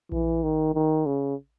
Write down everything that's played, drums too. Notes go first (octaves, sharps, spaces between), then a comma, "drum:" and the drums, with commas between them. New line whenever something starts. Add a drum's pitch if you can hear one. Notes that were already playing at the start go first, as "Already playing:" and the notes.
E3, drum: kick A#1
D#3
D#3
C#3